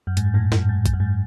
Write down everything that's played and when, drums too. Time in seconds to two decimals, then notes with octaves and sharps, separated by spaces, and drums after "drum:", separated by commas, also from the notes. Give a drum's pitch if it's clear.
0.07 F#2
0.17 G#2, drum: hi-hat
0.34 F#2 A2
0.52 F#2, drum: snare
0.69 G#2
0.86 G#2, drum: kick, hi-hat
0.93 F#2
1.00 G#2